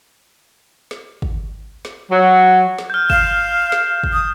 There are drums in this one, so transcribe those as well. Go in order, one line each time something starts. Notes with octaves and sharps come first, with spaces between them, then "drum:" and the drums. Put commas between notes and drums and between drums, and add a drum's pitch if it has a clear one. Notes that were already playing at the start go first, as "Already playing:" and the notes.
drum: snare
drum: kick
drum: snare
F#3
drum: snare
F6 G6
F5 E7, drum: kick
drum: snare
drum: kick
D#6